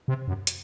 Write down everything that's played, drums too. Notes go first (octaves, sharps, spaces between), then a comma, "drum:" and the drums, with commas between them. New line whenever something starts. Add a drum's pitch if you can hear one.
C3
F#2
drum: hi-hat